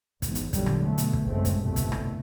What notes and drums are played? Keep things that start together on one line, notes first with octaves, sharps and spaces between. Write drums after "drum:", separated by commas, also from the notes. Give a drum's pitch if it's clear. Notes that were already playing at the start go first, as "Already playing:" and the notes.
G#1 E2, drum: kick, hi-hat
drum: hi-hat
E2 A#2 D3 F#3 G3, drum: kick, hi-hat
drum: rim click
B2 A3
drum: hi-hat
drum: kick
F#1 C#2 G#3 A3 C4
drum: kick, hi-hat
G1 C2 F2 B2 A3
drum: kick, hi-hat
drum: rim click